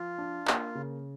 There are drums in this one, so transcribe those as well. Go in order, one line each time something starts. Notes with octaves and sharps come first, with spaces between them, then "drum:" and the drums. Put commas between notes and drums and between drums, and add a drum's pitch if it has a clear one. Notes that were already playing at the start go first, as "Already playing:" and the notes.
Already playing: F3 F4
D4
A#3, drum: clap
C#3